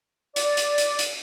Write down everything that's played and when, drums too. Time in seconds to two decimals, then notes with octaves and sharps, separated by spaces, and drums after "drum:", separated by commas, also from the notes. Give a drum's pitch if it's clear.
0.36 D5, drum: hi-hat
0.57 drum: hi-hat
0.78 drum: hi-hat
0.99 drum: hi-hat